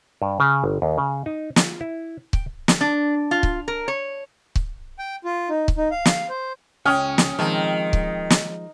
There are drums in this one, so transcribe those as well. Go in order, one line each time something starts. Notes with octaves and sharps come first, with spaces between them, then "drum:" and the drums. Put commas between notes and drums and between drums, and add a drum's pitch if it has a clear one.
G2
C#3
G1
D#2
C#3
D#4
F4, drum: snare
E4
G5, drum: kick C#1
drum: snare
D4
F4
drum: kick C#1
A#4
C#5
drum: kick C#1
G5
F4
D#4
drum: kick C#1
D#4
F5
drum: snare
C5
C#2 C#4 C#5 G5 D#6 F6
drum: snare
D#3 F3 G#3 C4
drum: kick C#1
drum: snare